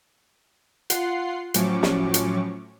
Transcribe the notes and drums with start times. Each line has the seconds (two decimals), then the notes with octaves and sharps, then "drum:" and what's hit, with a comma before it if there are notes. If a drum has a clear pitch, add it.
0.90 F4 F#5 C6 C7, drum: hi-hat
1.54 A2 F3 F#3 C#4 C#6 D6, drum: hi-hat
1.83 drum: snare
2.14 drum: hi-hat